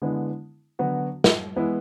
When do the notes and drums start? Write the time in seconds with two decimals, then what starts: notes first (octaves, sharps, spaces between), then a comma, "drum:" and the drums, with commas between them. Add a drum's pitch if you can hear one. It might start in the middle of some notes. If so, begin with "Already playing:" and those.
0.02 D3 G#3 B3 E4
0.79 D3 F#3 B3 F#4
1.24 drum: snare
1.56 E3 G#3 B3 E4